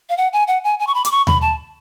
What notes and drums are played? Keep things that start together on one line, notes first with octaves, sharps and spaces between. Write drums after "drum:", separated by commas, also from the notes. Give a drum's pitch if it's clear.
F5
F#5
G#5
F#5
G#5
G#5
C#6
B5
D6, drum: hi-hat
C#6
B5, drum: tom D#2
A5